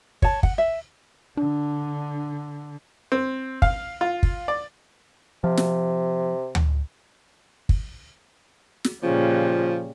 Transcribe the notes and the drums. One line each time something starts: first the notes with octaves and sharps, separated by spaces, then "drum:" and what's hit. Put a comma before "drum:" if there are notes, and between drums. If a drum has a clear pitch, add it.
C#5 A5, drum: kick
F#5, drum: kick
E5
D3 D4
C4
F5, drum: kick
F4
drum: kick
D5
C3 F3
drum: snare
drum: tom D2
drum: kick
drum: snare
A#2 C#3 F3 G3